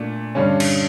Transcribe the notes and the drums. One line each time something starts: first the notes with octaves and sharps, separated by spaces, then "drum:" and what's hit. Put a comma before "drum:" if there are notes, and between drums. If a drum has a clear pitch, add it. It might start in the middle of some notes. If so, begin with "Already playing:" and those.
Already playing: A#2 A3 D4
G2 D3 G3 C#4
drum: cymbal